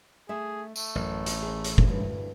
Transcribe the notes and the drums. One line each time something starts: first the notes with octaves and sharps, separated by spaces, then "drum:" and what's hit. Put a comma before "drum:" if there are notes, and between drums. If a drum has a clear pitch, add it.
A3 G#4 E5
A3, drum: tambourine
A1 F#2
drum: hi-hat
A#3 G#4
drum: hi-hat
drum: kick F#1
D2 G2 E4